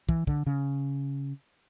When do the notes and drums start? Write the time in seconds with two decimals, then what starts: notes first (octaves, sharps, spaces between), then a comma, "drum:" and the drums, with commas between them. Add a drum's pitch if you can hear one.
0.09 E3, drum: kick
0.27 D3, drum: kick
0.46 C#3